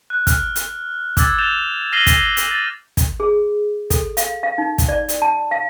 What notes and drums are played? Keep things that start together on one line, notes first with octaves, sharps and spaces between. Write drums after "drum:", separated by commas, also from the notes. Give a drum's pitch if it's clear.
F#6
F6, drum: kick, hi-hat
drum: hi-hat
D6 E6 G#6 A6, drum: kick, hi-hat
G6 A6 E7 F7 G7
F6 A#6 C7 D#7 F#7 G7
drum: kick, hi-hat
drum: hi-hat
A6
drum: kick, hi-hat
G#4
A4, drum: kick, hi-hat
F5, drum: hi-hat
F5
D#4
drum: kick, hi-hat
D5
drum: hi-hat
A5
F5